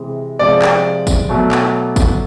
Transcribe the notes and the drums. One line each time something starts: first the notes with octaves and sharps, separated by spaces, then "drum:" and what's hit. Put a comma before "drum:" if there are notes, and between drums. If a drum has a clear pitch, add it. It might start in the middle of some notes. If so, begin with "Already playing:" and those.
Already playing: C3 E3 G#3
C3 F3 G#3 D5
drum: clap
drum: kick G1, tambourine
B2 F#3 A3
drum: clap
drum: kick G1, tambourine